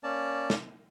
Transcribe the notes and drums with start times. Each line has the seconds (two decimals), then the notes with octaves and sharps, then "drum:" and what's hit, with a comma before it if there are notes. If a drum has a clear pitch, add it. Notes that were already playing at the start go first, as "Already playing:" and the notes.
0.04 A#3 C#4 D5 A5
0.50 drum: snare